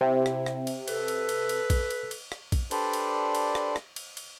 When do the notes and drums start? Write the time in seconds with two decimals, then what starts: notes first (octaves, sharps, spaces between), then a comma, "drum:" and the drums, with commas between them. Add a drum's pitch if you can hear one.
0.01 C3 E4 C5 E5 G5
0.26 drum: rim click
0.46 drum: rim click
0.67 drum: cymbal
0.88 A4 B4, drum: cymbal
1.08 drum: cymbal
1.29 drum: cymbal
1.49 drum: cymbal
1.70 drum: kick A#1, cymbal
1.91 drum: cymbal
2.11 drum: cymbal
2.32 drum: rim click
2.52 drum: kick A#1, cymbal
2.71 D4 G4 A4 B4 C5 D5, drum: cymbal
2.93 drum: cymbal
3.35 drum: cymbal
3.55 drum: rim click
3.76 drum: rim click
3.96 drum: cymbal
4.17 drum: cymbal